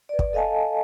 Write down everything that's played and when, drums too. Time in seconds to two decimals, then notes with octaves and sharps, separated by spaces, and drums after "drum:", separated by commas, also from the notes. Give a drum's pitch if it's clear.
0.09 B4 D5
0.19 drum: kick
0.33 A4 D#5 F5 G#5 A5